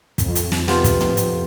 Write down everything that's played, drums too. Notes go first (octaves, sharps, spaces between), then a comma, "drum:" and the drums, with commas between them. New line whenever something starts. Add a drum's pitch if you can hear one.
F2, drum: kick, hi-hat
drum: hi-hat
drum: snare
C3 B3 F4, drum: snare
drum: kick, hi-hat
drum: tom
drum: hi-hat